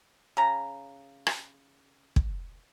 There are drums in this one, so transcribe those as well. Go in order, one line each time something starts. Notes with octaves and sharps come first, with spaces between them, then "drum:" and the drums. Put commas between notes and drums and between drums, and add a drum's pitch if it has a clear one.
C#3 A#5
drum: rim click
drum: kick